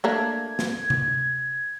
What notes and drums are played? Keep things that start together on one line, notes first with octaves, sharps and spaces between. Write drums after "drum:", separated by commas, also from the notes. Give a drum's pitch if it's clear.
A3 A#3 D4 G#6
drum: snare
drum: tom C3